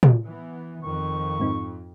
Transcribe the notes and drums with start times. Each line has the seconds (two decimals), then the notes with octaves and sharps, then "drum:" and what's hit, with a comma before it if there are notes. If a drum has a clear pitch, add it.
0.03 drum: tom
0.25 E3 B3
0.83 F2 D#3 C#6
1.40 G#2 C4 D#4